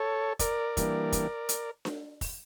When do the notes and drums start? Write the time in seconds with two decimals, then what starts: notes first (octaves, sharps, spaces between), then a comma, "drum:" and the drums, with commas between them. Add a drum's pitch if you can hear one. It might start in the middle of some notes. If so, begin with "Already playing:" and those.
Already playing: A4 C#5
0.39 A#4 D5, drum: kick, hi-hat
0.77 E3 G3 A#3 D4, drum: kick, hi-hat
1.12 drum: kick, hi-hat
1.49 drum: hi-hat
1.85 drum: snare D4
2.21 drum: kick, open hi-hat